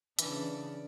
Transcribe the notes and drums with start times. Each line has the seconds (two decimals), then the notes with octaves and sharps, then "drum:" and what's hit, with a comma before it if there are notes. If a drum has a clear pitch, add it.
0.19 C#3 E3 D4, drum: hi-hat